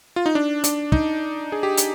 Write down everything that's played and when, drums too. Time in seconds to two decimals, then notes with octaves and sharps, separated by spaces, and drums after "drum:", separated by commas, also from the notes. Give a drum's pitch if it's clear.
0.16 F4
0.26 D#4
0.35 D4
0.64 D4, drum: hi-hat
0.92 D#4, drum: kick
1.52 G#4
1.63 G4
1.77 drum: hi-hat